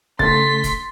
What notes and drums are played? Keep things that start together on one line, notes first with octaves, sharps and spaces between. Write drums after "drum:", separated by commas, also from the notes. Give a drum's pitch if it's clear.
C#3 A3 C6 A6 B6, drum: kick F1
drum: kick F1, hi-hat